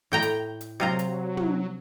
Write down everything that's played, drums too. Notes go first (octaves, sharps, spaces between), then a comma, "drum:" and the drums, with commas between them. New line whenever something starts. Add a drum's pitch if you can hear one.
A2 G5 A#5
drum: hi-hat
drum: hi-hat
C3 F#3 F4 A#5
drum: hi-hat
drum: tom